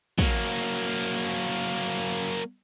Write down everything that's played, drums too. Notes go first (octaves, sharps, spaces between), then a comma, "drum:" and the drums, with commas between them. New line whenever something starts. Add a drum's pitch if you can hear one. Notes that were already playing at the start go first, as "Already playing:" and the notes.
F#3 A#3, drum: kick